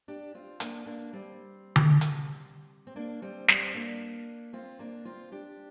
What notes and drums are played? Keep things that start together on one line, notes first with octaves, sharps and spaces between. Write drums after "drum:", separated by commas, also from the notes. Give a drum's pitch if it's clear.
D4 G4
C4 F4
A#3 D4, drum: hi-hat
A#3 D4
G3 C4
drum: tom D3
drum: hi-hat
C4
A#3 D4
G3 C4
G3 C4, drum: snare
A#3 D4
C4 F4
A#3 D4
C4 F4
D4 G4